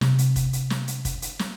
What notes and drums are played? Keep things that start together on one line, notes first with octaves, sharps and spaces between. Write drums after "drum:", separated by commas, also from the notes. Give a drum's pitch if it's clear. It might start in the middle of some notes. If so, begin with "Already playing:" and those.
C3, drum: snare
drum: hi-hat
drum: kick, hi-hat
drum: hi-hat
drum: snare
drum: hi-hat
drum: kick, hi-hat
drum: hi-hat
drum: snare